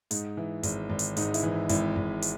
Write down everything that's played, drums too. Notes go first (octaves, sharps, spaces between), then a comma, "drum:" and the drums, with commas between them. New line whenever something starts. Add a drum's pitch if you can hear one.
G#2 D#4, drum: hi-hat
E3
G#1, drum: hi-hat
G#1
drum: hi-hat
G#2 D#4, drum: hi-hat
E4, drum: hi-hat
E3
G#1 E4, drum: hi-hat
G#1
drum: hi-hat